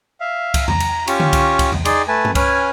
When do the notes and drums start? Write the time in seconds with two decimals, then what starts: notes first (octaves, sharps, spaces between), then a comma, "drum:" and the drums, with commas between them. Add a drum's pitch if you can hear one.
0.21 E5 F5
0.54 drum: kick C2, cymbal
0.68 A#5, drum: tom E2
0.80 drum: cymbal
1.07 C#4 F4 G4 C#6, drum: cymbal
1.20 drum: tom D3
1.33 drum: kick C2, cymbal
1.59 drum: kick C2, cymbal
1.72 drum: tom E2
1.85 D#4 G#4 D5 C6 D6, drum: cymbal
2.08 A3 B4 G#5 A5
2.25 drum: tom G2
2.35 C#4 B4 C#5 G#5 F6, drum: kick C2, cymbal